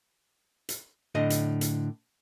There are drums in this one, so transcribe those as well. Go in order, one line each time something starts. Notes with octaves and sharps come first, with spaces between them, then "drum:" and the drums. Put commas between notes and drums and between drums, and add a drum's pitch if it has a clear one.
drum: hi-hat
A2 D3 D#5
drum: hi-hat
drum: hi-hat